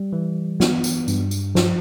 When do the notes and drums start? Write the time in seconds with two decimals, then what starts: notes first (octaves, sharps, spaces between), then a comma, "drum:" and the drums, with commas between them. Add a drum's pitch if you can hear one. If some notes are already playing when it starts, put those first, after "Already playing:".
Already playing: G3
0.13 E3
0.60 B3, drum: snare
0.84 drum: tambourine
1.08 G2, drum: tambourine
1.31 drum: tambourine
1.55 F3, drum: snare